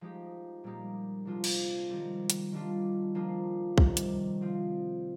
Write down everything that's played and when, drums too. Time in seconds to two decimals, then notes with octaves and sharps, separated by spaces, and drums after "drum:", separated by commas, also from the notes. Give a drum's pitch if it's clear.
0.01 F3 G#3 D#4 G4
0.64 A#2 G3 A#3 D#4 G4
1.25 C3 F3 G#3 D4 F4
1.44 drum: cymbal
1.90 D#3 G3 C4
2.30 drum: hi-hat
2.52 D#3 G3 D4 F4
3.15 F3 A#3 D4 F4
3.78 C3 D#3 G3, drum: kick
3.97 drum: hi-hat
4.41 F3 C4 F4